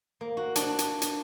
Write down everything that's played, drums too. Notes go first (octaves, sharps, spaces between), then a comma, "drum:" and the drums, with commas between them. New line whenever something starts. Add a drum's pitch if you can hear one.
A#3
F#4
D4, drum: hi-hat
drum: hi-hat
drum: hi-hat